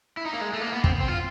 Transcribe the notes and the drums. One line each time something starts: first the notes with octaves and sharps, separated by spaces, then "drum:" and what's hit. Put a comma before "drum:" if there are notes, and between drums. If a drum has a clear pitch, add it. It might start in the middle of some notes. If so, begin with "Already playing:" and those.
E4
D#4
A#3
G#3
A3
A#3
B3
C4, drum: kick
C4
F4